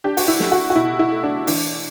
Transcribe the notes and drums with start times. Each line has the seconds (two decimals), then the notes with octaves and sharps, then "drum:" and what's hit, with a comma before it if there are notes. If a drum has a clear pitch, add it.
0.04 D4 G4
0.17 F#4, drum: open hi-hat
0.28 E4
0.40 A3, drum: snare
0.52 F#4
0.70 F#4
0.75 B2 E4
0.99 E4
1.11 A3
1.23 D4
1.47 E3 D4, drum: open hi-hat